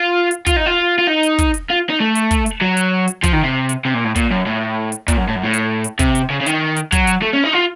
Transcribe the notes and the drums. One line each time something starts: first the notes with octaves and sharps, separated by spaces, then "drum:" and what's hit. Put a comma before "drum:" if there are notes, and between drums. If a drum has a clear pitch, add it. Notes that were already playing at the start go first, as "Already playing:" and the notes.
Already playing: F4
drum: hi-hat
F4, drum: kick, hi-hat
D#4
F4
F4
D#4
drum: hi-hat
drum: kick, hi-hat
drum: hi-hat
F4
D#4
A3
drum: hi-hat
drum: kick, hi-hat
drum: hi-hat
F#3
drum: hi-hat
drum: hi-hat
F3, drum: kick, hi-hat
D#3
C3
drum: hi-hat
C3
A#2
A2
A#2, drum: kick, hi-hat
F#2
A2
drum: hi-hat
A#2, drum: kick, hi-hat
F#2
A2
F#2
A2
drum: hi-hat
drum: hi-hat
C3, drum: kick, hi-hat
drum: hi-hat
C#3
C#3
D#3, drum: hi-hat
drum: hi-hat
F#3, drum: kick, hi-hat
drum: hi-hat
A3
C#4
D#4
F4